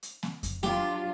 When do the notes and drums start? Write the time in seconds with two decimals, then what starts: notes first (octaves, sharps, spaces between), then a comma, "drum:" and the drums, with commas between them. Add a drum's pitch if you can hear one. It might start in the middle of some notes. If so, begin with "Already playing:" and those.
0.03 drum: hi-hat
0.23 drum: snare A#3
0.43 drum: kick F2, hi-hat
0.63 F#3 D4 F4 G4, drum: snare A#3